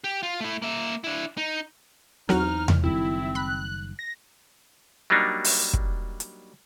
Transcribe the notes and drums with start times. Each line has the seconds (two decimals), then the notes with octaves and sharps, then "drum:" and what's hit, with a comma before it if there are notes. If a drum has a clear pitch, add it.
0.04 G4
0.23 F4
0.40 A3 E4
0.62 A#3 E5
1.04 D4 E4
1.37 D#4
2.29 E2 E3 F#3 D#4 F#4 F6, drum: snare C4
2.68 drum: tom E2
2.84 F#1 D#3 G3 C4 E4
3.35 B5 F#6
3.99 A#6
5.10 F#3 G3 A#3 D4 D#4
5.44 drum: open hi-hat
5.73 drum: kick
6.20 drum: hi-hat